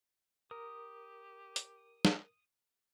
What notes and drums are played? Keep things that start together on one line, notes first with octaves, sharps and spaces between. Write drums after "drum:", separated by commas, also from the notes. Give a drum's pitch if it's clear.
G4 A#4 D#6
drum: hi-hat
drum: snare